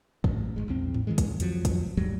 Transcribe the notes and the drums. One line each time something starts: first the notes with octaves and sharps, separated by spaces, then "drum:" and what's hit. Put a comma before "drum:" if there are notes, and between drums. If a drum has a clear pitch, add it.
A1, drum: kick
G#1 G#3
A#1 E2 C4
drum: tom G#2
D#3 E3 G#3
drum: kick, hi-hat
F2 F3 F#3, drum: hi-hat
drum: kick, hi-hat
D#2 G#2 F#3 G3